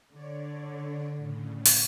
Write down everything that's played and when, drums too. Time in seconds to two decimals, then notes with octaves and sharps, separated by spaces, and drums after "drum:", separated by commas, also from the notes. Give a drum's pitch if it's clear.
0.13 D3 C#5 D5
1.18 A2 C#3
1.65 drum: open hi-hat